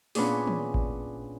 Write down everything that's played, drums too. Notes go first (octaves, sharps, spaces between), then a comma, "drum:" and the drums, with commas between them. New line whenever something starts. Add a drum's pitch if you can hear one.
A#2 B3 C#4 D4 G#4, drum: open hi-hat
drum: tom D#3
drum: kick G#1